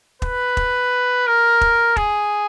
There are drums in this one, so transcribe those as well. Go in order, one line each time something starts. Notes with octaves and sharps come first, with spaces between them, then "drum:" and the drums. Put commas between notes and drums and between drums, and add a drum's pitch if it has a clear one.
B4, drum: kick
drum: kick
A#4
drum: kick
G#4, drum: kick